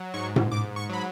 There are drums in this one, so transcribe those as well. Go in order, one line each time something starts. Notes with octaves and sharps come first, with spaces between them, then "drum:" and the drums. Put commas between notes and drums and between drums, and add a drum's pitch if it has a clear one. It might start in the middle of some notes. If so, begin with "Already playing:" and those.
Already playing: F#3
G#2 C#6
drum: tom A2
G#2 D6
C#6
F#3 B5